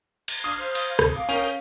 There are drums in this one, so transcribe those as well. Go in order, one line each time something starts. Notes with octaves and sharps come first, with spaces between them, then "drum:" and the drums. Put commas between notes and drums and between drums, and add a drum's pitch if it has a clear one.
drum: cymbal
D4 F5 D#6
C5
drum: cymbal
D2 C3 A4, drum: rim click
F5 D6
C#4 A#4 G5 D#6 F7